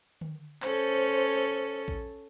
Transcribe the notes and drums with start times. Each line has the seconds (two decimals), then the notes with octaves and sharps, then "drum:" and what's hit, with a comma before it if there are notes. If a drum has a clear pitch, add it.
0.21 drum: tom D3
0.62 C#4 A4 C5, drum: clap
1.88 drum: kick A1